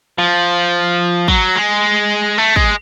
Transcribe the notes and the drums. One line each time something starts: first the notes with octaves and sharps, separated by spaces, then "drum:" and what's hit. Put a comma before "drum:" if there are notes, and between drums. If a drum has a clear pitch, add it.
F3
F#3, drum: kick
G#3
A3
G#3, drum: kick